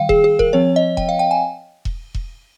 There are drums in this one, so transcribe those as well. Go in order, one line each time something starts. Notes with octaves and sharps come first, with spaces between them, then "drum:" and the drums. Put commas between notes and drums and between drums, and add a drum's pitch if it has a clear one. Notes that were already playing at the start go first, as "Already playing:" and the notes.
Already playing: D#3 G3 F5 G5
G#4, drum: kick E1
G#4
A#4, drum: kick E1
F3 C4 C#5
D#5
G5, drum: kick E1
F5
G5
G#5
drum: kick E1
drum: kick E1